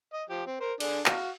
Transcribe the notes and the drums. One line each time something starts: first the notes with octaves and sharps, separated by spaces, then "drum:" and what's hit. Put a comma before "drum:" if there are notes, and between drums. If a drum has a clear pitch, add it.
D#5
F3 G4
C4
A#4 C5
D3 D4 G#4, drum: cymbal
F#4 F5, drum: clap